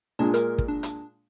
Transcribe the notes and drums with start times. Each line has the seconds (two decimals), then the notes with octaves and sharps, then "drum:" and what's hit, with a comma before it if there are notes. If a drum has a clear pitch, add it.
0.19 A#2 G#3 D4
0.34 A#4, drum: hi-hat
0.58 drum: kick
0.68 D4
0.83 drum: hi-hat